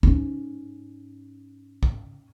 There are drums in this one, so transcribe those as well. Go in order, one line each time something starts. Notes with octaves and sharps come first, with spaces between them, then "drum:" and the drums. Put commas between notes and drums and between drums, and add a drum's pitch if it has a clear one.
G#2 C#4, drum: kick
drum: kick